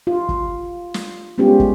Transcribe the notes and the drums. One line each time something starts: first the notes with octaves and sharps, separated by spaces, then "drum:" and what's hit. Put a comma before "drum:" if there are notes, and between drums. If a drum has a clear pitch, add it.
F4
drum: kick
drum: snare
G3 G#3 B3 C#4 F4 G4
drum: kick